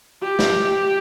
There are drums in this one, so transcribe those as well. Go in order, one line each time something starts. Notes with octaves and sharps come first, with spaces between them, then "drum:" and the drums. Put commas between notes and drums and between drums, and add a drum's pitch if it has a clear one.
G4
drum: snare